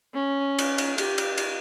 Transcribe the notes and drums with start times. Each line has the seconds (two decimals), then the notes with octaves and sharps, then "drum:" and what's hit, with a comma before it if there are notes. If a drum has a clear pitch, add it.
0.14 C#4
0.59 drum: cymbal
0.78 drum: cymbal
0.98 G4, drum: cymbal
1.18 drum: cymbal
1.38 drum: cymbal